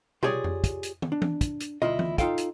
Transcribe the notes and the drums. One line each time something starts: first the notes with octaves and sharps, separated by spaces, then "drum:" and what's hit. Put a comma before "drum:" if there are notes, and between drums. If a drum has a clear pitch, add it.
F4 G4 G#4 C#5 D5, drum: tom
drum: tom F2
drum: kick, hi-hat
drum: hi-hat
drum: tom
D4
drum: tom E3
drum: kick, hi-hat
drum: hi-hat
D2 E4 F4 D#5, drum: tom
drum: tom E3
D#4 F4 A4 F5 G5, drum: kick, hi-hat
drum: hi-hat